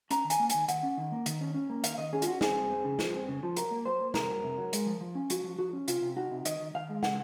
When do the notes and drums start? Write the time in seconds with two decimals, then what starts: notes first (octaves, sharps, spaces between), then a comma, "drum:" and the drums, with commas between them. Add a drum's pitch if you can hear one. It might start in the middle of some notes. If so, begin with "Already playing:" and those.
0.11 C#4 A#5, drum: hi-hat
0.25 D#3
0.30 G#5, drum: hi-hat
0.40 A#3
0.50 D#3 G#5, drum: hi-hat
0.68 D#3 F#5, drum: hi-hat
0.83 C#4
0.97 D#3
1.12 A#3
1.26 D#3, drum: hi-hat
1.41 C#4
1.54 C#4
1.70 A#3
1.84 D#3 F5, drum: hi-hat
1.98 D#3 D#5
2.13 C#4 G#4
2.22 F4, drum: hi-hat
2.27 C#4 F#4
2.41 C4 G#4, drum: snare
2.56 C4
2.70 C4
2.85 C#3
2.99 F3, drum: snare
3.14 C4
3.28 C#3
3.43 F3
3.56 F#3 A#4, drum: hi-hat
3.71 A#3
3.85 F#3 C5
4.01 A#3
4.14 C3 A#4, drum: snare
4.29 F#3
4.43 C3
4.58 F#3
4.73 G#3, drum: hi-hat
4.86 F3
5.01 F3
5.15 C#4
5.30 F3 F#4, drum: hi-hat
5.44 F3
5.59 F3 F#4
5.73 C#4
5.88 C3 F4, drum: hi-hat
6.01 C3
6.16 D#4 F#4
6.31 C3
6.45 D#3 D#5, drum: hi-hat
6.60 D#3
6.74 D#3 F5
6.89 G#3
7.03 C#3 F#5, drum: snare